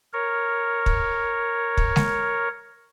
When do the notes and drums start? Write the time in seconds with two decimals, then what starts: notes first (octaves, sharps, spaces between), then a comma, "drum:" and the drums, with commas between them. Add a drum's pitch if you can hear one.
0.13 A#4 C#5
0.86 drum: kick
1.77 drum: kick
1.96 drum: snare G#3